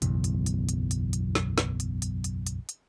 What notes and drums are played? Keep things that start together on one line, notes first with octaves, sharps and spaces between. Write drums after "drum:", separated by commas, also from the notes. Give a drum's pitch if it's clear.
F#1 B1 E2, drum: hi-hat
drum: hi-hat
drum: hi-hat
drum: hi-hat
drum: hi-hat
drum: hi-hat
drum: snare
drum: snare
drum: hi-hat
drum: hi-hat
drum: hi-hat
drum: hi-hat
drum: hi-hat